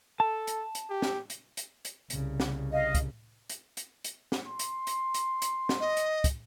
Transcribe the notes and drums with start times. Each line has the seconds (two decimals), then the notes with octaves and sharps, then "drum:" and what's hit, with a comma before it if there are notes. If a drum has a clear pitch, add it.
0.20 A4 A5
0.47 drum: hi-hat
0.75 drum: hi-hat
0.89 G4
1.02 drum: snare
1.30 drum: hi-hat
1.57 drum: hi-hat
1.85 drum: hi-hat
2.10 C2 C#3, drum: hi-hat
2.40 drum: snare
2.72 D#5 F5
2.95 drum: kick, hi-hat
3.50 drum: hi-hat
3.77 drum: hi-hat
4.04 drum: hi-hat
4.32 drum: snare
4.47 C6
4.59 drum: hi-hat
4.87 drum: hi-hat
5.14 drum: hi-hat
5.42 drum: hi-hat
5.69 drum: snare
5.80 D#5
5.97 drum: hi-hat
6.24 drum: kick, hi-hat